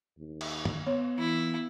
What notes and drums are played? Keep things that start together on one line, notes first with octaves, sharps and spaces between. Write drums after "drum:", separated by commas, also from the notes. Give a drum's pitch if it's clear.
D#2
drum: cymbal
drum: tom
B3 C#5
E3 E4